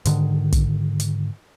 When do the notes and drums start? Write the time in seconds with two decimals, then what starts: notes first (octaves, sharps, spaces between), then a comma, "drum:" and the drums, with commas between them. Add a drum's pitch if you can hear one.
0.05 G#2 D3 D#3, drum: hi-hat
0.52 drum: kick, hi-hat
1.00 drum: hi-hat